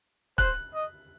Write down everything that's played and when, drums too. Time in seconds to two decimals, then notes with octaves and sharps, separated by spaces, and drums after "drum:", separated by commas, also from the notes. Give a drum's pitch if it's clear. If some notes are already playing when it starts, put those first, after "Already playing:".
0.38 C5 F#6, drum: kick
0.74 D#5